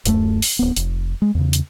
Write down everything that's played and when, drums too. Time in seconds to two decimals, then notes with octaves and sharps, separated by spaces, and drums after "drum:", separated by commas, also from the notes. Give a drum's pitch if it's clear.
0.05 D1 F#2 F3 A3, drum: hi-hat
0.42 drum: open hi-hat
0.59 D1 B3
0.76 F1, drum: hi-hat
1.22 G#3
1.35 E2 C#3
1.53 drum: hi-hat